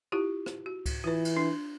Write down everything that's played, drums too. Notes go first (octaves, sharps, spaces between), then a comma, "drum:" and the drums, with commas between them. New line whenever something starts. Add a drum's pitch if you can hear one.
E4 F4 G4
drum: rim click
F#4
drum: kick C#2, cymbal
E3 F4 B4
drum: cymbal
D4